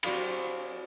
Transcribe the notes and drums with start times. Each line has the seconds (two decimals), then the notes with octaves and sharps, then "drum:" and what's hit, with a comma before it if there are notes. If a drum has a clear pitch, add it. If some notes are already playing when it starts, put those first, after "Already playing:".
0.03 C4 F#4 D5 F5 B5, drum: cymbal